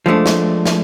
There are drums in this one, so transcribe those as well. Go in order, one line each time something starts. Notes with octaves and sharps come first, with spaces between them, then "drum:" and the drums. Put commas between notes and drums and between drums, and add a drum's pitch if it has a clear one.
F3 G#3 A3 D4
drum: snare
drum: snare